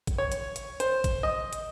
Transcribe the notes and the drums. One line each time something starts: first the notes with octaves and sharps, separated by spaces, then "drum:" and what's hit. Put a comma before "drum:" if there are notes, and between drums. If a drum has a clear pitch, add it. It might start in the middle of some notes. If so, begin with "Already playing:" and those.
drum: kick, hi-hat
C#5
drum: hi-hat
drum: hi-hat
C5, drum: hi-hat
drum: kick, hi-hat
D#5
drum: hi-hat